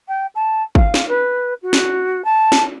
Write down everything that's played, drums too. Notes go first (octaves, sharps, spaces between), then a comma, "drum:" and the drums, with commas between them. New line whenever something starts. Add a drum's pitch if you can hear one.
G5
A5
F5, drum: kick
drum: snare
B4
F#4
drum: snare
A5
drum: snare